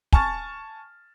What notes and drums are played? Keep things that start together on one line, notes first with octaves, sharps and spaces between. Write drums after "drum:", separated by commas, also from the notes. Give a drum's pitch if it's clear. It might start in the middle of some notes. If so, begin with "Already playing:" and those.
G#5 A5 C#6 F6 A6, drum: kick